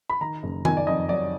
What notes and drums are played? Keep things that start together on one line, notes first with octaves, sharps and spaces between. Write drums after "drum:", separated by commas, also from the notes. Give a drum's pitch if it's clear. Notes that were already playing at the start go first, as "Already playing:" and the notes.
B5
D#3 A#5
F#1
D#3 G#5, drum: tom D#3
D5
F2 D#5
F#3 D5